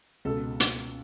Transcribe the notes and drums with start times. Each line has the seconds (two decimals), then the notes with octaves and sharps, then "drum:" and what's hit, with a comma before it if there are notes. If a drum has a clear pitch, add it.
0.25 C#2 B2 A4
0.60 drum: hi-hat